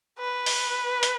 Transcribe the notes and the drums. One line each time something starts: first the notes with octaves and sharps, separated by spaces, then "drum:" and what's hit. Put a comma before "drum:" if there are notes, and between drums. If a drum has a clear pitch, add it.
B4
drum: open hi-hat
drum: hi-hat